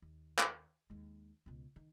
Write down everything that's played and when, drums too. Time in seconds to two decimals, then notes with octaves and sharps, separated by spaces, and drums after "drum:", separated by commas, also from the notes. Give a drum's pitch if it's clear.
0.02 D#2
0.39 drum: clap
0.90 D#2 G#3
1.46 C#2 B2
1.76 D#3